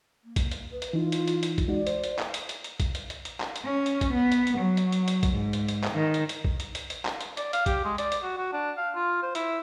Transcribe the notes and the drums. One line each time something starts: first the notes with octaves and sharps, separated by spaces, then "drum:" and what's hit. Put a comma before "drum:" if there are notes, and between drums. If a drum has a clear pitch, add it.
A#3
drum: kick, hi-hat
drum: hi-hat
B4
drum: hi-hat
E3 D#4 F4
drum: hi-hat
drum: hi-hat
drum: hi-hat
drum: kick, hi-hat
G#3 D#4 F#4 D5
C5, drum: hi-hat
drum: hi-hat
drum: clap
drum: hi-hat
drum: hi-hat
drum: hi-hat
drum: kick, hi-hat
drum: hi-hat
drum: hi-hat
drum: hi-hat
drum: clap
drum: hi-hat
C#4
drum: hi-hat
drum: kick, hi-hat
B3
drum: hi-hat
drum: hi-hat
F#3
drum: hi-hat
drum: hi-hat
drum: hi-hat
drum: kick, hi-hat
G#2
drum: hi-hat
drum: hi-hat
drum: clap
D#3
drum: hi-hat
drum: hi-hat
drum: kick
drum: hi-hat
drum: hi-hat
drum: hi-hat
drum: clap
drum: hi-hat
D5, drum: hi-hat
F5, drum: hi-hat
G4, drum: kick, hi-hat
G#3
D5, drum: hi-hat
drum: hi-hat
F#4
F#4
D4
F5
F4
C5
E4, drum: hi-hat